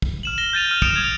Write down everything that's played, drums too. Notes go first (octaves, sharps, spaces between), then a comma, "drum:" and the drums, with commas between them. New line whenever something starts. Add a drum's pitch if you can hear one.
drum: kick
F6 E7 F#7
A#6 E7 G7
G6 A6 D#7 F7
F6 F#7
D#6 G6 C#7 D7 E7 F7, drum: kick
G#6